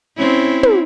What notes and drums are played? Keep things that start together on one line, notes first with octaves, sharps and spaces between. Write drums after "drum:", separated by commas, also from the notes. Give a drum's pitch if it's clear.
C4 C#4 E4
drum: tom